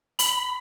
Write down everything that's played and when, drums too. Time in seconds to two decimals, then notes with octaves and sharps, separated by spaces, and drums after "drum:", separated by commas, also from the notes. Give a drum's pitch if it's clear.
0.19 B5, drum: hi-hat